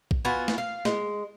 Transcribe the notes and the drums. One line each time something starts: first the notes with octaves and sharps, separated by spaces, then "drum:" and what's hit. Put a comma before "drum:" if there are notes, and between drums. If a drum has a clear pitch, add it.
drum: kick A#1
B3 F4 F#4 G#5
drum: snare
F5
G#3, drum: snare